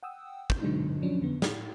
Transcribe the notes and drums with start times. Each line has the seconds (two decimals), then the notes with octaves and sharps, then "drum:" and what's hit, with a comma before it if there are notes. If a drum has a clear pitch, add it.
0.03 F#5 G5 D#6 E6
0.50 G6, drum: kick
0.62 B2 D3 F#3 G#3 D4 D#4
1.02 F3 F#3 C#4 D4
1.21 F2 D3 B3
1.42 A2, drum: snare